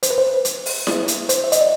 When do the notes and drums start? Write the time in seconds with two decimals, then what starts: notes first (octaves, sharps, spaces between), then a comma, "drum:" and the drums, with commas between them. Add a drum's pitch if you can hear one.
0.03 C5, drum: hi-hat
0.10 B4
0.18 C5
0.45 drum: hi-hat
0.66 drum: open hi-hat
0.87 drum: snare E4
1.08 drum: hi-hat
1.29 C5, drum: hi-hat
1.44 E5
1.52 D#5, drum: hi-hat
1.61 D5